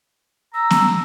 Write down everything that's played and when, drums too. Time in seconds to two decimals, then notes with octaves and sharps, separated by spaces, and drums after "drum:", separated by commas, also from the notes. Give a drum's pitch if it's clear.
0.54 A#5 E6
0.70 drum: snare B3